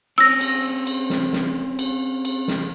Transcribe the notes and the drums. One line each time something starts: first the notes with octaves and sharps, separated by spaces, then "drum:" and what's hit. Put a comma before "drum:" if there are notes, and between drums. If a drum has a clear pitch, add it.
C4 C#4 E6 A#6
drum: cymbal
drum: cymbal
drum: snare
drum: snare
drum: cymbal
drum: cymbal
drum: snare